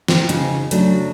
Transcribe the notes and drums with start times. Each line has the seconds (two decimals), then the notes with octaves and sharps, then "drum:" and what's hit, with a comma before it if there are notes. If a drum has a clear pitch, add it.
0.08 C4, drum: snare
0.29 C#3 D#4, drum: hi-hat
0.71 C#3 F#3 A3 D4, drum: hi-hat